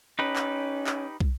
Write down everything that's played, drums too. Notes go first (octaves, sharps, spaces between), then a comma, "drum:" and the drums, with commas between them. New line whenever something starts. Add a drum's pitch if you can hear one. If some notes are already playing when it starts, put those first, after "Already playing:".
C#4 D#4 G4 B4
drum: clap
drum: clap
drum: kick